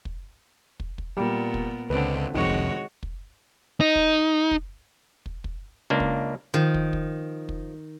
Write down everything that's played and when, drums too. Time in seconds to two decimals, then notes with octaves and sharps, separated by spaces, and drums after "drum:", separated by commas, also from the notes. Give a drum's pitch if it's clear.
0.05 drum: kick
0.80 drum: kick
0.98 drum: kick
1.17 A#2 G3 B3
1.54 drum: kick
1.90 C#2 D3 C4 B4
2.34 C2 F2 C3 D#3 G#3 F#4 C#5
2.47 drum: kick
3.03 drum: kick
3.81 D#4
3.96 drum: kick
4.51 drum: kick
5.26 drum: kick
5.44 drum: kick
5.90 C#2 A#3 D4
6.00 drum: kick
6.54 D#3 F3
6.74 drum: kick
6.93 drum: kick
7.49 drum: kick